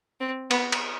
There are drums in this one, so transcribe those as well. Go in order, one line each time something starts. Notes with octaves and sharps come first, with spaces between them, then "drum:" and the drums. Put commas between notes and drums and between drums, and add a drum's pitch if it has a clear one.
C4
B3, drum: cymbal
drum: cymbal